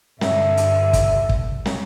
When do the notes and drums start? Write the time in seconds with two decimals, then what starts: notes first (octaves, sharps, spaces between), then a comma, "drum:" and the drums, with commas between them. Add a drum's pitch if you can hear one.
0.21 G2 D3 E5, drum: snare
0.57 drum: hi-hat
0.93 drum: kick, hi-hat
1.29 drum: kick
1.66 drum: snare